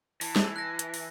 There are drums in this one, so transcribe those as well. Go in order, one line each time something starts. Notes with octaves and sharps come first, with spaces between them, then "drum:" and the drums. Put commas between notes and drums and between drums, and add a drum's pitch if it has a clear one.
E3 A5, drum: open hi-hat
drum: snare
A5 F#6 A#6
drum: hi-hat
drum: open hi-hat